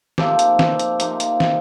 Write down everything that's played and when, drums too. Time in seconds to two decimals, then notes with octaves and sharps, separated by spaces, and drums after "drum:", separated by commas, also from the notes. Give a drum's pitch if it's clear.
0.18 C3 F3 A#3 D#4 G4 A4, drum: snare
0.39 drum: hi-hat
0.59 drum: snare
0.79 drum: hi-hat
1.00 C3 F3 A#3 D#4, drum: hi-hat
1.20 drum: hi-hat
1.40 drum: snare